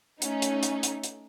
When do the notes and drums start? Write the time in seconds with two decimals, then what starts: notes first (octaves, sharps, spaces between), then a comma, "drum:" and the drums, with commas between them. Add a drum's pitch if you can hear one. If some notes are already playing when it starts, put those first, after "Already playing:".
0.22 A3 C#4 D#4, drum: hi-hat
0.42 drum: hi-hat
0.63 drum: hi-hat
0.83 drum: hi-hat
1.04 drum: hi-hat